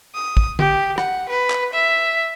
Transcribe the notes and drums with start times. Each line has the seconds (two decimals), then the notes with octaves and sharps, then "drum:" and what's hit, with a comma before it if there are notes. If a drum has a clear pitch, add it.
0.15 D#6
0.37 drum: kick
0.59 G4, drum: tom D3
0.98 F#5, drum: rim click
1.29 B4
1.50 drum: clap
1.73 E5